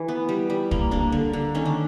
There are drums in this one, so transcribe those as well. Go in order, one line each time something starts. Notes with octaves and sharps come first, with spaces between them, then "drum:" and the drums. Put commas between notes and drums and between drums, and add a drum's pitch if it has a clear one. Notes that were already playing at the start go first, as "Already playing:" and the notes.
Already playing: E3
B3
G3
G3
A#3, drum: kick
A#3 D4
D3
D3
D#3 C#4
D4